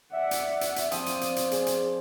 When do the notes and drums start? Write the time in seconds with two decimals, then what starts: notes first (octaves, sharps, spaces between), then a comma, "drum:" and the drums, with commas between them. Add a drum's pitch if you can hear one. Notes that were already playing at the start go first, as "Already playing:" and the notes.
0.13 D5 E5 F#5
0.31 drum: hi-hat
0.61 drum: hi-hat
0.76 drum: hi-hat
0.91 F3 C4 C5 D5 D#6, drum: hi-hat
1.06 drum: hi-hat
1.21 drum: hi-hat
1.36 drum: hi-hat
1.51 G#4, drum: hi-hat
1.66 drum: hi-hat